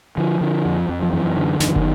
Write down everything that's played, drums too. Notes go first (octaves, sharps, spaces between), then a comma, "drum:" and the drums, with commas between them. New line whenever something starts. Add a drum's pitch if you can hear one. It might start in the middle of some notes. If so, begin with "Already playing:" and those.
D3 F3
D3
F2
F2
F3
F#2 E3
D3
F#2 D#3, drum: snare
E3
D#3, drum: kick